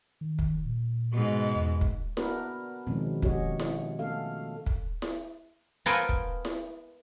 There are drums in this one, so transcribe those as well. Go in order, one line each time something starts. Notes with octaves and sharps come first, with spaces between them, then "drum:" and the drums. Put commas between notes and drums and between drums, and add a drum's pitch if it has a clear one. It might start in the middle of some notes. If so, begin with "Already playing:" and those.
D#3
drum: kick
A#2
G#2 B2
E2
drum: kick
B3 D4 F#4 A#4 B4, drum: snare E4
B2 D#3 F3 G#3 C4 C#4
C#4 F#4 G4 C#5 D#5, drum: kick
drum: snare E4
A3 B3 C#4 A4 F5
drum: kick
drum: snare E4
B3 F4 A4 A#4 G5 G#5
drum: kick
drum: snare E4